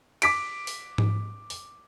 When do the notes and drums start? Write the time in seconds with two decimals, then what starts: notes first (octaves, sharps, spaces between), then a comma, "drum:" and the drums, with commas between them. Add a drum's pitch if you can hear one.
0.22 D6 B6 D7, drum: cymbal
0.67 drum: open hi-hat
0.98 drum: tom G#2
1.50 drum: open hi-hat